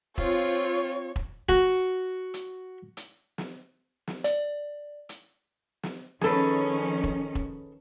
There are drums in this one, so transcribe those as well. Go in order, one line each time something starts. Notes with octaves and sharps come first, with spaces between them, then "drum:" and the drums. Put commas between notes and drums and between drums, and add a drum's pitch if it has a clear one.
C4 F4 C#5, drum: kick E1
drum: kick E1
F#4, drum: kick E1
drum: hi-hat
drum: hi-hat
drum: snare
drum: snare
D5, drum: hi-hat
drum: hi-hat
drum: snare
D#3 F3 C#4 G#4 A4 B4, drum: snare
drum: kick E1
drum: kick E1